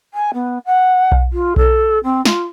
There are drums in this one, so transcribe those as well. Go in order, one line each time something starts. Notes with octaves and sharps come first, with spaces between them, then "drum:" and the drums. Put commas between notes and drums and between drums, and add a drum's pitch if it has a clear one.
G#5
B3
F#5
drum: kick B1
F4
A4, drum: kick B1
C4
F4, drum: snare